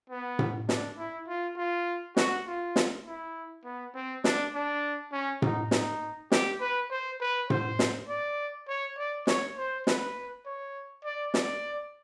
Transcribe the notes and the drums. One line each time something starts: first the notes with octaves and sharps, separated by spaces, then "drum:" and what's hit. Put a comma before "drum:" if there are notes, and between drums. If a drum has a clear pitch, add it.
B3
drum: tom A2
D4, drum: snare
E4
F4
F4
F#4, drum: snare
F4
drum: snare
E4
B3
C4
D4, drum: snare
D4
C#4
D#4, drum: tom A2
D#4, drum: snare
G4, drum: snare
B4
C5
B4
C5, drum: tom A2
drum: snare
D5
C#5
D5
C#5, drum: snare
C5
B4, drum: snare
C#5
D5
D5, drum: snare